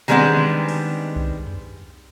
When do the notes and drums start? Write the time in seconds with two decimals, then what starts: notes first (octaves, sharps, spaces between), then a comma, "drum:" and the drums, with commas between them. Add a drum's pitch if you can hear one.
0.08 D#3 G3 G#3 B3 C4 D4
0.37 drum: tom D3
0.69 drum: cymbal
1.16 drum: kick B1
1.47 drum: tom F2